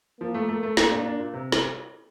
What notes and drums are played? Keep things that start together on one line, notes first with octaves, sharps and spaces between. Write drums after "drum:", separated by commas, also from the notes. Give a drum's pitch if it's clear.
F3 A#3
A3
A3
A3
A#2 A#3, drum: snare
D4
D4
A#2
C3
drum: snare